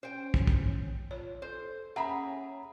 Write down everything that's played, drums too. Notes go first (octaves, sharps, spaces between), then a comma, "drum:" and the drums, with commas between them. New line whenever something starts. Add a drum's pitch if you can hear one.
C#4 C5 G5
drum: kick
drum: kick
F4 C#5
A4 C5
C#4 G#4 E5 F#5 A#5 B5